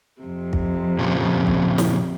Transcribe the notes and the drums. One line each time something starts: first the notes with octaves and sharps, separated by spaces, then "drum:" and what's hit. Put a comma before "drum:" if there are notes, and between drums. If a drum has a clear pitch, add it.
F2 C3
drum: kick
A#2 C#3 F3
drum: kick
drum: snare